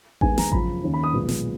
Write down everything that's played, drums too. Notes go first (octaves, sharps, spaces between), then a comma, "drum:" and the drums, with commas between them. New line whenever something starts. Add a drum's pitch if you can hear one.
D#2 D#3 G#3 B3 G#5, drum: kick A1
A#5, drum: snare
F#2 C#3 F3 B5, drum: kick A1
D#2 D#3 A#3 C#4
B5
D#6
B1 A#2 G#3 B3
drum: snare